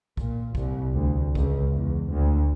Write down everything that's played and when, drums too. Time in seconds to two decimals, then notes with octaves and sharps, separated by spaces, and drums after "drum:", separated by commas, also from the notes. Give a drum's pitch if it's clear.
0.17 A#2, drum: kick B1
0.55 C2, drum: kick B1
0.94 D2
1.35 C#2, drum: kick B1
1.71 E2
2.11 D2